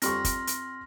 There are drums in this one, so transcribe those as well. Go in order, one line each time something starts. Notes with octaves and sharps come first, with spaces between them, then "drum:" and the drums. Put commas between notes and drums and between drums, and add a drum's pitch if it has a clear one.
F2 G3 C6 C#6 F6 A#6, drum: hi-hat
drum: kick, hi-hat
drum: hi-hat